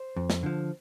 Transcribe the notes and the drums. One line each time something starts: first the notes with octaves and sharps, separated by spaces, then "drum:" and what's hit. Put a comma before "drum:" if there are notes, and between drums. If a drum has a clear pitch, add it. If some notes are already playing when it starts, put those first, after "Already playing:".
Already playing: C5
F2
drum: snare
D3 F3